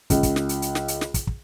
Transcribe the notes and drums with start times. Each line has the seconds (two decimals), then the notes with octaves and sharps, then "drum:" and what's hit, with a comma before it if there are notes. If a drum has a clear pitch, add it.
0.10 C#2, drum: kick, hi-hat
0.23 drum: kick, hi-hat
0.36 drum: snare
0.49 drum: hi-hat
0.62 drum: hi-hat
0.75 drum: snare
0.88 drum: hi-hat
1.01 drum: snare
1.14 drum: kick, hi-hat
1.27 drum: kick